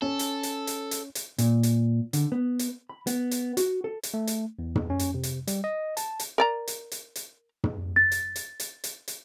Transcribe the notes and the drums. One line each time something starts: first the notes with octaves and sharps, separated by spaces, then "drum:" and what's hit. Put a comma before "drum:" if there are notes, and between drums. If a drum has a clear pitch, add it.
C#4 A4 C#5
drum: hi-hat
drum: hi-hat
drum: hi-hat
drum: hi-hat
drum: hi-hat
A#2, drum: hi-hat
drum: hi-hat
D3, drum: hi-hat
B3
drum: hi-hat
B5
B3, drum: hi-hat
drum: hi-hat
F#4, drum: hi-hat
A4
drum: hi-hat
A3
drum: hi-hat
E2
drum: tom
C#4
drum: hi-hat
C3
drum: hi-hat
G3, drum: hi-hat
D#5
A5, drum: hi-hat
drum: hi-hat
A#4 D5 A#5
drum: hi-hat
drum: hi-hat
drum: hi-hat
drum: tom
A6
drum: hi-hat
drum: hi-hat
drum: hi-hat
drum: hi-hat
drum: hi-hat